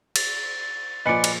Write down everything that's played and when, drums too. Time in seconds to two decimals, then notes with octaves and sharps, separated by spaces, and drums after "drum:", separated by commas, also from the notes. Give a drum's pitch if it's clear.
0.16 A6, drum: cymbal
0.62 A6
1.06 A#2 F3 B4 D5 D#5 G#5 C#7
1.24 drum: cymbal